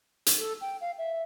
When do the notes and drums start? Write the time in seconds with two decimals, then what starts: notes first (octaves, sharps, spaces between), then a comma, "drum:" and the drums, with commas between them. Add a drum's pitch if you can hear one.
0.26 drum: hi-hat
0.38 A4
0.61 G5
0.81 F5
0.98 E5